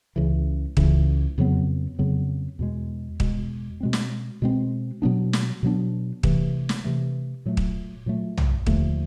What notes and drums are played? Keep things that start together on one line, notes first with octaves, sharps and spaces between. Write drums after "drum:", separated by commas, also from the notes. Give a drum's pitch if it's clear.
C#2 C#3 E3
C#2 C#3 E3, drum: kick
F2 C#3 F#3 B3
F2 C#3 F#3 B3
E2 B2 G#3
E2 B2 G#3, drum: kick
B2 G#3 C4
drum: snare
B2 G#3 C4
B2 F#3 B3 D4
drum: snare
B2 F#3 B3 D4
C3 E3 A3, drum: kick
drum: snare
C3 E3 A3
A#2 F#3 A3
drum: kick
A#2 F#3 A3
drum: tom B1
D#2 D3 F3 A3, drum: kick